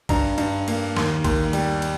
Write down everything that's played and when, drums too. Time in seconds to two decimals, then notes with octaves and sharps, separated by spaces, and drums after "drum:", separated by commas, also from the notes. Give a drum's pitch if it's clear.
0.09 G2 A#5, drum: kick A1, cymbal
0.38 G2, drum: cymbal
0.68 A#3, drum: cymbal
0.96 D#2, drum: snare
1.24 D#2, drum: kick A1, cymbal
1.53 G3, drum: cymbal
1.82 drum: cymbal